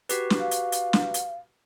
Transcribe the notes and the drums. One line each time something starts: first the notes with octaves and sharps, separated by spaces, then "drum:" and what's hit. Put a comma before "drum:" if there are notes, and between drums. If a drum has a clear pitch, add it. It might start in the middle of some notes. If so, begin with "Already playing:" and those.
F#4 G4 B4, drum: hi-hat
drum: snare
F5
drum: hi-hat
drum: hi-hat
drum: snare
drum: hi-hat